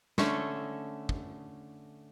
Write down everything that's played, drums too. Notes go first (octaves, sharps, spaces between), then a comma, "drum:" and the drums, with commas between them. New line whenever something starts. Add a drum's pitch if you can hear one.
D3 A3 C#4 A4, drum: snare
drum: kick